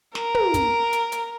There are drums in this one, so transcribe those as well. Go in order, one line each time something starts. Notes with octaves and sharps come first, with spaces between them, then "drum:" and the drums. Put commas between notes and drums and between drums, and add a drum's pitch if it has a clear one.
A#4, drum: snare
drum: tom
drum: kick, hi-hat
drum: hi-hat
drum: hi-hat